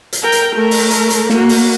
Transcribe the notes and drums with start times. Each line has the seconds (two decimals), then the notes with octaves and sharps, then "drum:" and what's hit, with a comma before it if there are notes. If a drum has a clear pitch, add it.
0.13 drum: hi-hat
0.22 A#4 G5
0.32 drum: hi-hat
0.56 A3 A#4
0.71 drum: open hi-hat
0.91 drum: hi-hat
1.10 drum: hi-hat
1.30 A#3 F#4, drum: snare
1.49 drum: open hi-hat